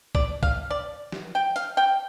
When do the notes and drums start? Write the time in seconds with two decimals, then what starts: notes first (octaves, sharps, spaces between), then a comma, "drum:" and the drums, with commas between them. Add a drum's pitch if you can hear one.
0.15 D5, drum: kick B1
0.43 F5, drum: kick B1
0.70 D5
1.12 drum: snare
1.35 G5
1.56 F5, drum: hi-hat
1.77 G5